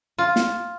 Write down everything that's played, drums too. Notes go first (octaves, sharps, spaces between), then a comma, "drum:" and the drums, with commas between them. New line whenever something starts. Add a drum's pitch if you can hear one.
F4
drum: snare